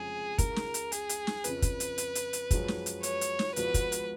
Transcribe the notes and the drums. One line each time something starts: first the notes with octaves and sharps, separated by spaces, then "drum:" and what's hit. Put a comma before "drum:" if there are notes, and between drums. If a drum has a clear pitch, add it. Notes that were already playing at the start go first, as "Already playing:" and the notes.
Already playing: F1 F2 C#3 F3 G#3 G#4
C#2 C#3 G#3 A#4, drum: kick, hi-hat
drum: snare
drum: hi-hat
G#4, drum: hi-hat
drum: hi-hat
drum: snare
F2 C#3 F3 B4, drum: hi-hat
drum: kick, hi-hat
drum: hi-hat
drum: hi-hat
drum: hi-hat
drum: hi-hat
F#2 F3 G#3, drum: kick, hi-hat
drum: snare
drum: hi-hat
C#5, drum: hi-hat
drum: hi-hat
drum: snare
G#1 G#2 F3 B3 F#4 B4, drum: hi-hat
drum: kick, hi-hat
drum: hi-hat